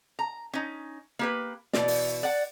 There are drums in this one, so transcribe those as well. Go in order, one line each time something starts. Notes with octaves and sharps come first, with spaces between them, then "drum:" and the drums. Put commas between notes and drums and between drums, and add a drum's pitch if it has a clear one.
A#5
C#4 D#4
A#3 G4 B4
B2 E3 D5, drum: snare
drum: open hi-hat
D5 F#5